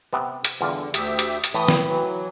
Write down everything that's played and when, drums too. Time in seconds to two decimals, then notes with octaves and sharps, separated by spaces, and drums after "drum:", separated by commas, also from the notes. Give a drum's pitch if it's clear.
0.13 C3 B3
0.44 drum: hi-hat
0.61 E2 D3 G3 F4
0.94 D2 G4 E5 D#6, drum: hi-hat
1.19 drum: hi-hat
1.44 drum: hi-hat
1.54 A2 E3 B4 G5 B5 D#6
1.68 drum: snare
1.87 E3 F#3